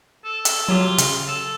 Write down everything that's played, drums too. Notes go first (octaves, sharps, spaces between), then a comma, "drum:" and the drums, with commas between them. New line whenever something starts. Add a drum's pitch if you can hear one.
A4
drum: hi-hat
F#3 F4 G4
C#3, drum: hi-hat
A4